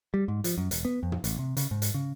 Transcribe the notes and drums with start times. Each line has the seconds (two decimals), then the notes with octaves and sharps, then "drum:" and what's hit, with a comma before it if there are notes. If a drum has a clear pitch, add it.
0.14 G3
0.28 G#2
0.44 F3, drum: hi-hat
0.58 F#2
0.71 E1, drum: hi-hat
0.85 B3
1.03 F2
1.12 drum: tom
1.24 A1, drum: hi-hat
1.39 C3
1.57 C#3, drum: hi-hat
1.71 G#2
1.82 drum: hi-hat
1.94 C#3